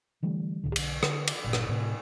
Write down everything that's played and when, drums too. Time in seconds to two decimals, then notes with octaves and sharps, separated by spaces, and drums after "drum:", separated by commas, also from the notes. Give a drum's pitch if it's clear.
0.22 D3 E3 G3 A3
0.64 D#1 C#2 A2 D3
0.76 B1 D3, drum: cymbal
1.03 D3, drum: rim click
1.27 drum: cymbal
1.44 G1 A#2
1.53 drum: rim click
1.69 A2 C3